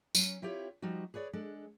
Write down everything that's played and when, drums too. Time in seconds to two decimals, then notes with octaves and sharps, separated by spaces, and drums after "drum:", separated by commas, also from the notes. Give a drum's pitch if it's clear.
0.15 F#3 C#4, drum: tambourine
0.42 C4 E4 F4 G4 C#5
0.82 F3 G3 D#4 F#4
1.14 G#4 B4 C#5 D5
1.33 G#3 D4 A4